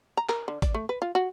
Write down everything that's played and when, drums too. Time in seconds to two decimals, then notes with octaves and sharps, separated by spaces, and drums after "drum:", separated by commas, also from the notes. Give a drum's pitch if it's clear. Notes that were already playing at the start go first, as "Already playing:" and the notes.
0.17 A#5
0.29 A#4, drum: clap
0.48 D3
0.62 D5, drum: kick G#1, hi-hat
0.74 A3
0.89 B4
1.02 F4
1.15 F#4